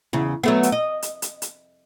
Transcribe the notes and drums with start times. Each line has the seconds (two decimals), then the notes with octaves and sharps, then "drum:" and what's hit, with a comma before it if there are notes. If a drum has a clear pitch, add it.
0.13 E2 C#3
0.44 F#3 A3 B3
0.63 drum: hi-hat
0.72 D#5
1.02 drum: hi-hat
1.22 drum: hi-hat
1.42 drum: hi-hat